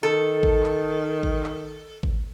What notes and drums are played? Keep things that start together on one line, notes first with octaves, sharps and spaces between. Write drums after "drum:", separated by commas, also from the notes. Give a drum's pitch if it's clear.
D#3 A4
drum: kick A1
drum: clap
drum: kick A1
drum: clap
drum: kick A1